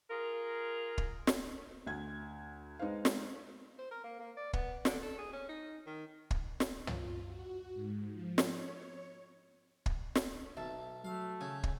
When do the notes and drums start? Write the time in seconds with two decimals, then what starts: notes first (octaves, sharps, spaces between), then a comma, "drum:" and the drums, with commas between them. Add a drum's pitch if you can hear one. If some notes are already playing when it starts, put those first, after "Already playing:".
0.10 F4 G#4 A#4
0.98 drum: kick
1.27 drum: snare
1.86 D2 G#6
2.79 G#3 D#4 B4 C5 F5
3.05 drum: snare
3.78 C5
3.91 A#4
4.04 A#3
4.19 A#3
4.37 D5
4.53 B3, drum: kick
4.85 D3, drum: snare
5.02 A4
5.18 G#4
5.33 C#4
5.49 D#4
5.86 D#3
6.31 drum: kick
6.60 drum: snare
6.87 F4, drum: tom
7.26 F#4
7.74 G#2
8.12 F3
8.38 drum: snare
8.50 C#5
9.86 drum: kick
10.15 drum: snare
10.57 B1 E5 A5
11.05 F#3 A3 F5
11.41 C#3 G#5
11.63 drum: kick